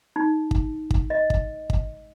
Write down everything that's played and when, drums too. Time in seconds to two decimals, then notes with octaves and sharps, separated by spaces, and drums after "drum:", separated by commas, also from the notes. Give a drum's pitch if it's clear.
0.16 D#4
0.51 drum: kick
0.91 drum: kick
1.10 D#5
1.30 drum: kick
1.70 drum: kick